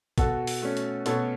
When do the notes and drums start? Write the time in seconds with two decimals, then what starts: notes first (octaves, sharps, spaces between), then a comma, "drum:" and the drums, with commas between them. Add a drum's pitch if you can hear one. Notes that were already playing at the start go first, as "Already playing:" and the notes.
0.18 B2 F#4 A4, drum: kick, hi-hat
0.47 drum: open hi-hat
0.62 A3 C#4
0.77 drum: hi-hat
1.06 B2 A4 C#5, drum: hi-hat